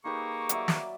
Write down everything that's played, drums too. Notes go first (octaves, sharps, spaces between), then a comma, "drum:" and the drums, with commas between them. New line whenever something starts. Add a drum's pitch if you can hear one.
A#3 D#4 G4 G#4 B4 C#6
F#3 D5 E5, drum: hi-hat
drum: snare